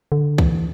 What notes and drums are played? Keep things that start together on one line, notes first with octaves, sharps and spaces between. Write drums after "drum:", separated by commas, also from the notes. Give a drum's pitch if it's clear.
D3
E3, drum: kick C2